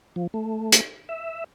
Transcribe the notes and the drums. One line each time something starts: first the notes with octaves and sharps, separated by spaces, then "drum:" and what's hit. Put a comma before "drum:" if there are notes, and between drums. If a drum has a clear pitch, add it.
F3
A3
drum: hi-hat
E5